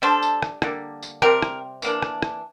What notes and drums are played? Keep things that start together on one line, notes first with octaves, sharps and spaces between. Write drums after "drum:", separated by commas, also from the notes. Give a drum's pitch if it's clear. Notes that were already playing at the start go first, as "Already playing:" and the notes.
G3 D4 A4 C5
drum: tambourine
drum: rim click
D3 G3 A#3, drum: rim click
drum: tambourine
C3 G3 C4 G4 A#4, drum: rim click
drum: rim click
E3 A#3 D4, drum: tambourine
drum: rim click
drum: rim click